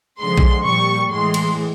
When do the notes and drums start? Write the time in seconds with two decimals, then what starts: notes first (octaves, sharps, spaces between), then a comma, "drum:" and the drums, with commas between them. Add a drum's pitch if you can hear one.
0.20 D3 F3 G#3 C6
0.38 drum: kick A#1
0.66 A#2 G3 C#6
1.12 A2 E3 G#3 C6
1.34 drum: cymbal